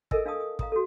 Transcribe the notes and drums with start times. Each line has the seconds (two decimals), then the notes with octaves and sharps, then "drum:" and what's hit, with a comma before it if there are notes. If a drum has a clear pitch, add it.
0.11 A4 A#4 D#5 E5 G#5 E6, drum: kick
0.25 D4 F5 G#5 A5 D#6
0.40 D#6
0.59 F5 A#5 D#6, drum: kick
0.72 F#4 A4